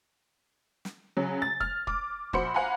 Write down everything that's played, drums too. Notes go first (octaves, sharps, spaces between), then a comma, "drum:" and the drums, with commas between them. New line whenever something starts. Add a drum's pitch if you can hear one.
drum: snare
C#3 F#3
A6
F6, drum: kick
D6, drum: kick
A#1 F#4 C5 B5 C#7, drum: kick
C5 F5 F#5 G#5 A#5 B5